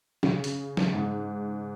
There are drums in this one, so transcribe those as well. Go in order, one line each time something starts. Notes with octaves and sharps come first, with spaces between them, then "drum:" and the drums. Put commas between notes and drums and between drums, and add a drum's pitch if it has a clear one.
C#3, drum: snare
drum: hi-hat
drum: snare
G#2